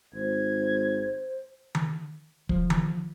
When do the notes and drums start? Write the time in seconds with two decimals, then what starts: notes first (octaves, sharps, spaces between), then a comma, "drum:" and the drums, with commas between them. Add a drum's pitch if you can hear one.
0.14 G#1 C5 G#6
1.75 drum: tom D#3
2.49 F3, drum: kick
2.70 drum: tom D#3